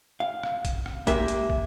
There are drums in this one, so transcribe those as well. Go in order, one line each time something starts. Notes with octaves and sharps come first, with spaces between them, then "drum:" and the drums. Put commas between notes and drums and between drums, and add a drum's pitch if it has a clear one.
F5
drum: rim click
drum: kick, hi-hat
drum: rim click
G#3 A#3 G4 E5, drum: kick, hi-hat
drum: hi-hat
drum: kick